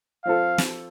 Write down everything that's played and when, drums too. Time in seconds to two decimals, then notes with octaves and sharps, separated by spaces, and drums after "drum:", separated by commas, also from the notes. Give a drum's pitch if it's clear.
0.25 F3 C4 F4 A4 F5
0.58 drum: snare